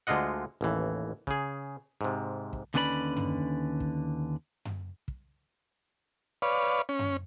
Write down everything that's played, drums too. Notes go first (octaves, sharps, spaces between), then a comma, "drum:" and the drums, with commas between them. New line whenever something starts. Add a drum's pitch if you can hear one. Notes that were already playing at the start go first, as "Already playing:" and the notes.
D2 D3 G#3 F4 D#5 F#5
A1 D#2 E3
C#3 G#4, drum: kick
G#2 C3
drum: kick
D#2 D3 C#4 B4 D5 B5
drum: tom F#2
drum: kick
drum: tom F#2
drum: kick
B4 C#5 D5 F5
C#4
drum: tom F#2